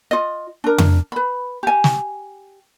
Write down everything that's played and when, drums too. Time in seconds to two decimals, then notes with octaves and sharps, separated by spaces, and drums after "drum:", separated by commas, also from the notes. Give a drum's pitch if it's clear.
0.11 F4 D#5
0.64 D4 A#4
0.78 drum: tom F2
1.12 B4 B5
1.63 G4 G#5
1.84 drum: snare